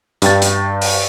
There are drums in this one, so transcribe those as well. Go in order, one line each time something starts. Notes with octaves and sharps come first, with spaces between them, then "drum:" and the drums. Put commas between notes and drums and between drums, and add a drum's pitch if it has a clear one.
G2 G5 A6, drum: hi-hat
drum: hi-hat
drum: open hi-hat